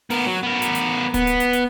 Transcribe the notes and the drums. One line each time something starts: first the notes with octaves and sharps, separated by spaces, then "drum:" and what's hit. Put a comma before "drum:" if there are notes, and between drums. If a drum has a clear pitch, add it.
B3 A#4, drum: open hi-hat
F#3
B3 A#4
drum: hi-hat
drum: hi-hat
B3, drum: kick D1, hi-hat
drum: hi-hat
drum: hi-hat
drum: hi-hat